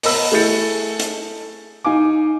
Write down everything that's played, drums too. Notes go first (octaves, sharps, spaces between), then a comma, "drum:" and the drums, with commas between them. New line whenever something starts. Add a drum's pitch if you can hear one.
A#4 D#5 B5 E6, drum: open hi-hat
A3 E4 G#4 G6 A6 C#7
drum: hi-hat
D#4 F5 G#5 D6